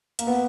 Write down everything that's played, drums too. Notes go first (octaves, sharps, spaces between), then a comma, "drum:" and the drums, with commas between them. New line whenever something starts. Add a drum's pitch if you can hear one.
A#3, drum: hi-hat
B3